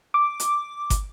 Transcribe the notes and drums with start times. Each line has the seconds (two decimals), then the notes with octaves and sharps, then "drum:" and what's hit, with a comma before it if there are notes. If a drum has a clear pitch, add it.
0.14 D6
0.40 drum: hi-hat
0.90 drum: kick, hi-hat